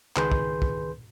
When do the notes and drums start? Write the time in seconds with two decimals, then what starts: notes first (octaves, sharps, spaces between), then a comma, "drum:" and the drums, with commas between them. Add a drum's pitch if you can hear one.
0.16 C#2 D#3 G#4 B4 C6 G6, drum: clap
0.32 drum: kick
0.62 drum: kick